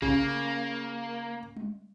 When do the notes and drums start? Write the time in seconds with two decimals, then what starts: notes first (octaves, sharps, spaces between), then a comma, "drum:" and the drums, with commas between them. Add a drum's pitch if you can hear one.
0.02 C#3 A#3, drum: kick
1.57 drum: tom G3